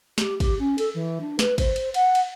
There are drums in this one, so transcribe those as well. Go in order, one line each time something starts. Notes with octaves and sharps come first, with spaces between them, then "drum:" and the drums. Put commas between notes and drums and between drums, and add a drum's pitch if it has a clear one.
G4, drum: snare
G4, drum: kick, cymbal
C#4
A4, drum: cymbal
E3
D4
B4, drum: snare
C5, drum: kick, cymbal
drum: cymbal
F#5, drum: cymbal
drum: cymbal